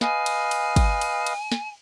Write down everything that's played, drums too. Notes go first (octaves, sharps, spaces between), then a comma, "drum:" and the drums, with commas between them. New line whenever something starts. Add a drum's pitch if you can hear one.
B4 D#5 F5 G#5, drum: snare
drum: cymbal
drum: cymbal
drum: kick, cymbal
drum: cymbal
drum: cymbal
drum: snare